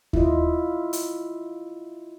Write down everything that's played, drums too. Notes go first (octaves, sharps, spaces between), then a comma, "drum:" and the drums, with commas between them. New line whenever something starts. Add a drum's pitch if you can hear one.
E4 F4 D#5, drum: kick D#2
drum: hi-hat